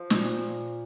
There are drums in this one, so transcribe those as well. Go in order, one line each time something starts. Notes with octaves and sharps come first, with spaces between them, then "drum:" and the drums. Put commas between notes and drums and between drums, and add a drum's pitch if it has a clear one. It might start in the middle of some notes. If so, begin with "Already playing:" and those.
Already playing: F3
B2, drum: snare
A#2